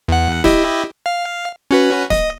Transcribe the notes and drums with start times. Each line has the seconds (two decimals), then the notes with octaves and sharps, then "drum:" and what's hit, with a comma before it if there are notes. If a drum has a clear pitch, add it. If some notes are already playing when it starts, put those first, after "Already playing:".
0.08 E2 F#5
0.44 E4 G4 D#5, drum: snare
1.06 F5
1.71 C#4 F#4 B4
2.10 D#5, drum: snare